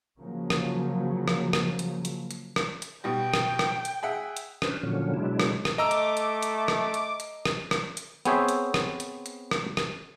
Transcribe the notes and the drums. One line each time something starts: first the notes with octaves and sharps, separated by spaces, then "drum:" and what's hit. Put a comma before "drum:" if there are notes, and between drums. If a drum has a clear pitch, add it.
C#3 F3 F#3 A#3
drum: rim click
drum: rim click
drum: rim click
drum: hi-hat
drum: hi-hat
drum: hi-hat
drum: rim click
drum: hi-hat
B2 G3 G5
drum: rim click
drum: rim click
drum: hi-hat
G#4 E5 F#5
drum: hi-hat
C#4 D4 B4 C5, drum: rim click
A#2 D3 F3 F#3 C#4
B2 F#3 G#3 D4 E4
drum: rim click
drum: rim click
A3 D#5 A#5 D6 E6
drum: hi-hat
drum: hi-hat
drum: hi-hat
drum: rim click
drum: hi-hat
drum: hi-hat
drum: rim click
drum: rim click
drum: hi-hat
B3 C4 G#4 C5 C#5 E5, drum: hi-hat
drum: hi-hat
drum: rim click
drum: hi-hat
drum: hi-hat
drum: rim click
drum: rim click